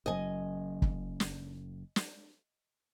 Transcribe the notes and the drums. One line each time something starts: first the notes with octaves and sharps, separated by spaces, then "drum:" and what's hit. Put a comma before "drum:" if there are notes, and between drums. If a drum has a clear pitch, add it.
F#1 F#2 D#5 G#5
drum: kick
drum: snare
drum: snare